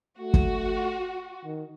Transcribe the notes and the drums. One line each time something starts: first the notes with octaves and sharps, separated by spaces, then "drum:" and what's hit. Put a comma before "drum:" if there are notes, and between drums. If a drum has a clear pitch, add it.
A3 F#4
drum: kick G1
D#3